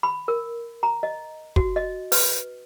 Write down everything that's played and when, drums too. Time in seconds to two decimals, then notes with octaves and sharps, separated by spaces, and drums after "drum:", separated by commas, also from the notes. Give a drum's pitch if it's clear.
0.03 B5
0.28 A#4
0.83 A#5
1.03 D#5
1.56 F#4, drum: kick
1.76 D#5
2.12 B4, drum: open hi-hat